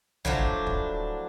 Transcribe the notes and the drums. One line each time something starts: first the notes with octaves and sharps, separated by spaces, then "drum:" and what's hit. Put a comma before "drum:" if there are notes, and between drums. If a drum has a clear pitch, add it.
A2 F3 F#3 D4, drum: tom
drum: kick
drum: kick